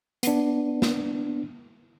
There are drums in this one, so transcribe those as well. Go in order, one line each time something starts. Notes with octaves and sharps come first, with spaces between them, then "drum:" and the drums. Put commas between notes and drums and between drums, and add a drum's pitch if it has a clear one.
B3 D4, drum: hi-hat
drum: snare